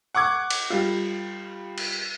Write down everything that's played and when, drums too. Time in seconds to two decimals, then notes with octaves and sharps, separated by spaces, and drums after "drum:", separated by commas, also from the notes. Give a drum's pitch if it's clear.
0.15 F#5 C#6 D6 G#6
0.50 drum: cymbal
0.70 G3 F4
1.78 drum: cymbal